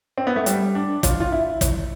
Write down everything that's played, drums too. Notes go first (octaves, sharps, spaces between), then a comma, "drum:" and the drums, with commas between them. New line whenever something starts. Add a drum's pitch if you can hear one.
C4
B3
A3
G3, drum: hi-hat
D4
F4, drum: kick, hi-hat
F4
E4
drum: kick, hi-hat